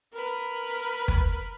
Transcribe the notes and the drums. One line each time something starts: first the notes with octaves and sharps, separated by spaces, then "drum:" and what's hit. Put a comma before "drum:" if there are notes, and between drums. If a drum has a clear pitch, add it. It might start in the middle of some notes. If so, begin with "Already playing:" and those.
A#4 B4
drum: kick